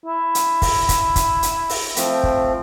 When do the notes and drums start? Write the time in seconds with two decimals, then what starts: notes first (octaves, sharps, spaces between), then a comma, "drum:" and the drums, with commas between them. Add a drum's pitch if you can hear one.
0.06 E4
0.35 drum: hi-hat
0.62 drum: kick, open hi-hat
0.89 drum: kick, hi-hat
1.16 drum: kick, hi-hat
1.43 drum: hi-hat
1.70 drum: open hi-hat
1.96 F3 A3 C4, drum: hi-hat
2.23 drum: kick